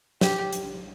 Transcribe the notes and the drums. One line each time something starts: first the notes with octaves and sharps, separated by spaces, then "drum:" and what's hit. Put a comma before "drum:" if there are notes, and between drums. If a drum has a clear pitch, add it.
G4, drum: snare
drum: hi-hat